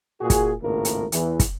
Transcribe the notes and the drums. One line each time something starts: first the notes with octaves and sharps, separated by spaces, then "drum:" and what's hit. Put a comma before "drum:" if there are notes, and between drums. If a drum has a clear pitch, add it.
A#2 F#4 G#4
drum: kick, hi-hat
G#1 C#2 A2 A#3 A#4
drum: hi-hat
E2 E3, drum: hi-hat
drum: kick, hi-hat